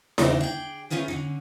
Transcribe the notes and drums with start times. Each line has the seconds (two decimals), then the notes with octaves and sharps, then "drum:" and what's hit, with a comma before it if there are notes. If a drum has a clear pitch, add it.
0.18 E2 C#3 E3 C4 D4 D#4, drum: snare E4
0.41 G#4 D5 G5
0.90 A3 A#3 C#4 F4 G#4 B4
1.08 D3 C#4 D#4